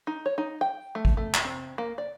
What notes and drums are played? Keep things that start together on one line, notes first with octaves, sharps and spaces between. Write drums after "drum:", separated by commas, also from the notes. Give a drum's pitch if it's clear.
D#4
C#5
D#4
G5
A3
drum: kick
A3
drum: clap
C4
A#3
D5